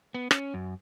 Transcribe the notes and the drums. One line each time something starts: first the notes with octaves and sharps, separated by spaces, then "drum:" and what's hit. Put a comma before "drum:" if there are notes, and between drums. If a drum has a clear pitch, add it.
B3
C#4, drum: rim click
F#2